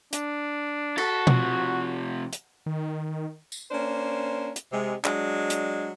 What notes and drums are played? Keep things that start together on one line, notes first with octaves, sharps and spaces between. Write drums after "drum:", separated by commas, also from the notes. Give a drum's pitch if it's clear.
D4, drum: hi-hat
F#4 A4, drum: cymbal
C3 F3, drum: tom B2
drum: hi-hat
D#3
drum: tambourine
A#3 C#4 D4 C5
drum: hi-hat
C3 G#3
F#3 G#3 D4, drum: clap
drum: hi-hat